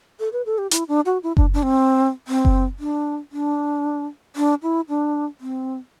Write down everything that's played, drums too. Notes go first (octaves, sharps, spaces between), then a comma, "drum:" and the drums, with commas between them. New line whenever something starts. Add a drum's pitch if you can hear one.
A4
B4
A4
G4
E4, drum: hi-hat
D4
F#4
E4
D4, drum: kick F#1
D4
C4
C4
drum: kick F#1
D4
D4
D4
E4
D4
C4